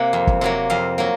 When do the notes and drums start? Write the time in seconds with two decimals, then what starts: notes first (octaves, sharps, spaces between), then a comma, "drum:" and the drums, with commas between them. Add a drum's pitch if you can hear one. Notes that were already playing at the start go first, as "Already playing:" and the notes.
Already playing: C3 A#3 F#5 G#5
0.13 F2
0.27 drum: kick
0.41 C3 F#3 A#3
0.70 F2 F5
0.98 F#3 A#3